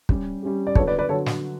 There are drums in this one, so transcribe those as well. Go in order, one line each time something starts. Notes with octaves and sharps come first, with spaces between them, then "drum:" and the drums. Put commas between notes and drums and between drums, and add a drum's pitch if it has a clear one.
G3 C#4 G4, drum: kick
G3 C#4 G4
D5
D3 F#3 B3 F#4 A4 C#5, drum: kick
B4 D5
B4 D5
D3 F#3 A4 C#5
drum: snare